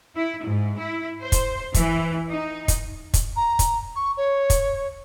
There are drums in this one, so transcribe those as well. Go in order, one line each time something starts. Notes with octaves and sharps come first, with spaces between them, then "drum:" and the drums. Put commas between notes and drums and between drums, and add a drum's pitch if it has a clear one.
E4
G#2
E4
C5
drum: kick, hi-hat
E3, drum: kick, hi-hat
D#4
drum: kick, hi-hat
drum: kick, hi-hat
A#5
drum: kick, hi-hat
C#6
C#5
drum: kick, hi-hat